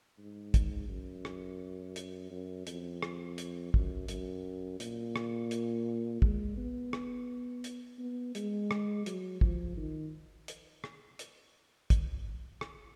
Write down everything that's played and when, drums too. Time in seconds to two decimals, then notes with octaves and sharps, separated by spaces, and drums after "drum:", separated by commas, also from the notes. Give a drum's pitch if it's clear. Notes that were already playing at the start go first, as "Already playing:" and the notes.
0.18 G#2
0.54 drum: kick, hi-hat
0.89 F#2
1.25 drum: rim click
1.96 drum: hi-hat
2.31 F#2
2.67 F2, drum: hi-hat
3.03 drum: rim click
3.38 drum: hi-hat
3.74 F#2, drum: kick
4.08 F#2, drum: hi-hat
4.80 A#2, drum: hi-hat
5.16 drum: rim click
5.51 drum: hi-hat
6.22 G#3, drum: kick
6.58 B3
6.93 drum: rim click
7.64 drum: hi-hat
7.99 B3
8.35 G#3, drum: hi-hat
8.71 drum: rim click
9.06 F#3, drum: hi-hat
9.41 F3, drum: kick
9.77 D#3
10.48 drum: hi-hat
10.84 drum: rim click
11.19 drum: hi-hat
11.90 drum: kick, hi-hat
12.61 drum: rim click